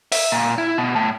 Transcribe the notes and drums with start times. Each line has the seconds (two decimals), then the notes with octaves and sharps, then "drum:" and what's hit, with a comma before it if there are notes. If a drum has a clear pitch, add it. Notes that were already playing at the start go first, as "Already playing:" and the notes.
0.12 E5, drum: open hi-hat
0.32 A#2
0.58 E4
0.78 B2
0.96 A2